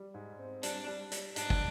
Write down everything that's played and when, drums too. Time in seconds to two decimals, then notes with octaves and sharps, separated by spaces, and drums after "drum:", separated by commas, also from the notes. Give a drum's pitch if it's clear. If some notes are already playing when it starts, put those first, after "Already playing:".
Already playing: G3
0.14 G#2
0.39 C4
0.63 G3 D4, drum: hi-hat
0.87 G3
1.12 G3, drum: hi-hat
1.36 G#2 D4, drum: hi-hat
1.50 drum: kick